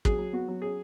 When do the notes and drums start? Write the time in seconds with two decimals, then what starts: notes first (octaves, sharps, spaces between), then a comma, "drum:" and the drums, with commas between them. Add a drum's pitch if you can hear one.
0.05 F#3 G#4, drum: kick
0.19 F#3
0.33 B3 F#4
0.48 F#3
0.62 C#4 G#4